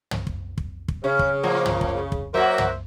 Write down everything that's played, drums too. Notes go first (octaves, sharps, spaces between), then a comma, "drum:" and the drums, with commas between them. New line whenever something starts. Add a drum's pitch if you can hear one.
drum: tom
drum: kick
drum: kick
drum: kick
C#3 C#4
drum: kick
A2 F3 A#3
drum: tom
drum: kick
drum: kick
F#3 A#3 F#4 A#4 C5 E5
drum: tom